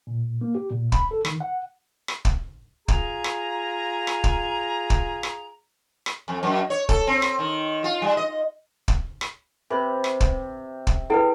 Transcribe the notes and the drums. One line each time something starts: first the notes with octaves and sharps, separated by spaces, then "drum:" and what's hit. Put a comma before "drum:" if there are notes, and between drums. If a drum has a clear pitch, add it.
A#2
A#3
G4
A#2
B5, drum: kick
A4
D#3, drum: rim click
F#5
drum: rim click
drum: kick
F4 G#4 G#5 A#5, drum: kick
drum: rim click
drum: rim click
drum: kick
drum: kick
drum: rim click
drum: rim click
F2
F#2
C#5
A4, drum: kick
C4
drum: rim click
D#3
F4
G3
D#5
drum: kick
drum: rim click
C3 B4
drum: rim click
drum: kick
drum: kick
E4 G#4 A4 B4 G5